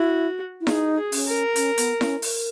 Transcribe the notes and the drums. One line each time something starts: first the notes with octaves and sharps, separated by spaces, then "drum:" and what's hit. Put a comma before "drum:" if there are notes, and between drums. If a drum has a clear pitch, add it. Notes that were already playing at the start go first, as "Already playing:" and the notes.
Already playing: E4 F#4
E4
D#4 G#4, drum: snare E4
G#4
C#4, drum: open hi-hat
A#4
C#4, drum: hi-hat
B3, drum: hi-hat
C#4, drum: snare E4
A#4, drum: open hi-hat